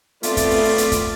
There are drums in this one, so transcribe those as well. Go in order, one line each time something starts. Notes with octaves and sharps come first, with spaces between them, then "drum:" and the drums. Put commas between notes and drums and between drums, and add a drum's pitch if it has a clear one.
A3 B3 C4 F4 D5 C6, drum: hi-hat
drum: kick, hi-hat
drum: open hi-hat
drum: open hi-hat
drum: hi-hat
drum: kick, hi-hat